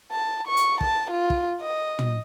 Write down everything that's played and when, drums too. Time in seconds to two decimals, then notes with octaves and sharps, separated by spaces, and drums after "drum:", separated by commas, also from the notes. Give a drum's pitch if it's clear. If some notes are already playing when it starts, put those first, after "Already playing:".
0.12 A5
0.47 C#6
0.57 drum: hi-hat
0.81 A5, drum: kick
1.11 F4
1.30 drum: kick
1.62 D#5
1.99 drum: tom